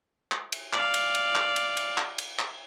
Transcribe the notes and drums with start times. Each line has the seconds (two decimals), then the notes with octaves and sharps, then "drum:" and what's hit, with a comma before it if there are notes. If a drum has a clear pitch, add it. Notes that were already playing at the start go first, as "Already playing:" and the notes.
0.32 drum: clap
0.52 drum: cymbal
0.73 D5 F5, drum: clap
0.94 drum: cymbal
1.15 drum: cymbal
1.35 drum: clap
1.56 drum: cymbal
1.77 drum: cymbal
1.98 drum: clap
2.18 drum: cymbal
2.39 drum: clap